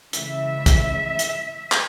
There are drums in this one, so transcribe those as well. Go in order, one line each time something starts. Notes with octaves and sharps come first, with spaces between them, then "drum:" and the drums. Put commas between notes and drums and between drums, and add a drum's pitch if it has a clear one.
C#3 E3 G#3 E5, drum: hi-hat
drum: kick, hi-hat
drum: hi-hat
drum: clap